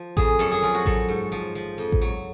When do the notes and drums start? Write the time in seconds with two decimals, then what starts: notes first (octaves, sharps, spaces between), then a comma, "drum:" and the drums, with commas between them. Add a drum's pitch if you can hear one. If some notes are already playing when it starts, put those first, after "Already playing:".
Already playing: F3
0.17 F2 G#4, drum: kick A1
0.39 F#2 A4
0.52 G#4
0.63 F3 F4
0.75 F#4
0.86 F#3 A4, drum: kick A1
1.09 G#2
1.32 F3
1.55 F3
1.78 F2
1.92 drum: kick A1
2.01 F#3